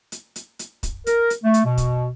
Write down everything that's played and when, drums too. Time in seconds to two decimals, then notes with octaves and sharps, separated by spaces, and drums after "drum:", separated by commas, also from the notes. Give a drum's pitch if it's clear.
0.12 drum: hi-hat
0.36 drum: hi-hat
0.59 drum: hi-hat
0.83 drum: kick, hi-hat
1.07 A#4, drum: hi-hat
1.30 drum: hi-hat
1.44 A3
1.54 drum: hi-hat
1.65 B2
1.78 drum: kick, hi-hat